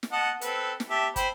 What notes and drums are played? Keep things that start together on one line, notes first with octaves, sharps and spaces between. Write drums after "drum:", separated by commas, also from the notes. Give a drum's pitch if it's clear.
drum: snare
D#5 F#5 A5
C4 A4 B4, drum: hi-hat
drum: snare
G4 E5 A5
C5 G5 B5, drum: kick, hi-hat